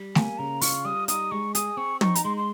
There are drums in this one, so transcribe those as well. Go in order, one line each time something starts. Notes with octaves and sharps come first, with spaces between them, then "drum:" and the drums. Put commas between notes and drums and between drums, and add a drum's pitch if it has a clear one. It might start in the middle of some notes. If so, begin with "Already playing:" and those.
Already playing: G3
A#3 G#5, drum: snare
C#3 A#5
F4 C#6, drum: open hi-hat
G3 D#6
D#4 D#6, drum: hi-hat
G#3 C#6
G#4 D#6, drum: hi-hat
C4 C#6
D#4 C#6, drum: tom
A#5, drum: hi-hat
G#3 C6
C6